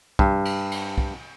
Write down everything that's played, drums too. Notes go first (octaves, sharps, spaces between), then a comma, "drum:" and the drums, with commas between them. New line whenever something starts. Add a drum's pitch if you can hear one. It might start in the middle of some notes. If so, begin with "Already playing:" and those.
G2, drum: kick
drum: cymbal
drum: cymbal
drum: kick